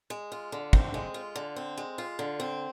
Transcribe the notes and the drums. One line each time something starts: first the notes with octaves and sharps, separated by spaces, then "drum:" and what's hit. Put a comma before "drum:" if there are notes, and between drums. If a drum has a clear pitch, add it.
G#3
F4
D3
C4, drum: kick
G#3
F4
D3
C4
G#3
F4
D3
C4